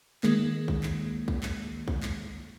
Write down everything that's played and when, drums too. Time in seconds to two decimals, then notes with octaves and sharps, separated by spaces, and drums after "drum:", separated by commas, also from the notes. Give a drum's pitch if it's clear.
0.23 D#3 G#3 A#3, drum: clap
0.68 drum: kick A#1
0.83 drum: clap
1.28 drum: kick A#1
1.43 drum: clap
1.88 drum: kick A#1
2.03 drum: clap